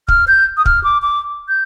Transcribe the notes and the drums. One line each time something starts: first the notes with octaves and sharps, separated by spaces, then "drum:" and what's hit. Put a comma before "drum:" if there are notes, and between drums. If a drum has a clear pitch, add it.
F6, drum: kick
G6
D#6
F6, drum: kick
D6
D6
G6